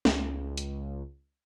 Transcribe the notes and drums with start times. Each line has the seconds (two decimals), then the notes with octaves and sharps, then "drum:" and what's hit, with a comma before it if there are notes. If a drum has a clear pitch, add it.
0.05 C#2, drum: snare
0.58 drum: hi-hat